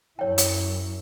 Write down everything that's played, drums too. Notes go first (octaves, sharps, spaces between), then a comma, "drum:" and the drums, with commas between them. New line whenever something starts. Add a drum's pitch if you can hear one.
F#2 E4 C#5 G5
drum: hi-hat